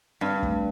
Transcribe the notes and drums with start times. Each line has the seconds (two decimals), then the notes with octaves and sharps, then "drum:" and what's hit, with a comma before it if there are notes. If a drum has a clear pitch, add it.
0.21 G2 C4
0.43 A3, drum: kick